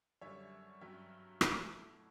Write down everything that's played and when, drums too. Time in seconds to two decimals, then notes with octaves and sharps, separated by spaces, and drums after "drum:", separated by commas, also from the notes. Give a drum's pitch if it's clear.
0.21 F#2 D3 G3 C#5 E5
0.81 G2 F#3 C#4 E5 G5
1.41 B2 A3 E4, drum: rim click